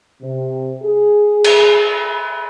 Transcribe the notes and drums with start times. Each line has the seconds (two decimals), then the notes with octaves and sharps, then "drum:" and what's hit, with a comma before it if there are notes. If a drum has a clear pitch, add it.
0.21 C3
0.83 G#4
1.44 drum: cymbal